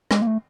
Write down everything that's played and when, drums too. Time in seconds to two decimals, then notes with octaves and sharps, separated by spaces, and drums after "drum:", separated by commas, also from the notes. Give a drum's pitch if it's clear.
0.11 G#3, drum: rim click
0.22 A#3
0.27 A3